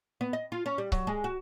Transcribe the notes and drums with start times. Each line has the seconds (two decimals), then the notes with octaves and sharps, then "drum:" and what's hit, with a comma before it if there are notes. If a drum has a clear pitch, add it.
0.21 B3
0.33 D#5
0.52 F4
0.66 C#4
0.78 G3
0.92 F#3, drum: kick C#1
1.07 G#3
1.24 F#4